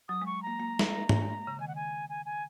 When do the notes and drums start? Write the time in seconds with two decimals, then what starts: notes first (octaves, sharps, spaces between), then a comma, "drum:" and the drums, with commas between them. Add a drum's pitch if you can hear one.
0.08 F#3 D#6
0.22 G#3 C#6
0.42 A#3 A#5
0.60 A#3
0.79 drum: snare
1.09 A#3, drum: tom
1.21 G#3
1.34 G#3
1.47 C#3
1.59 D#3 G#5
1.68 F#5
1.75 G#5
2.09 G#5
2.25 G#5